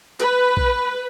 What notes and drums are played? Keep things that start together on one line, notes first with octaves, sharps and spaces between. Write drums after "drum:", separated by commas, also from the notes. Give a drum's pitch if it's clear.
B4, drum: hi-hat
drum: kick A#1